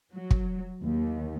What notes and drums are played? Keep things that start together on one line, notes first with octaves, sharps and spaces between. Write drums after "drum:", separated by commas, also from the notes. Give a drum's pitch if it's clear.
F#3
drum: kick
D#2